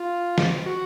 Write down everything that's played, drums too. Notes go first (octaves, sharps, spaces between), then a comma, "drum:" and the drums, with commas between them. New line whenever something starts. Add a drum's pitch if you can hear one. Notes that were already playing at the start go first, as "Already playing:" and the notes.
Already playing: F4
drum: snare
F#4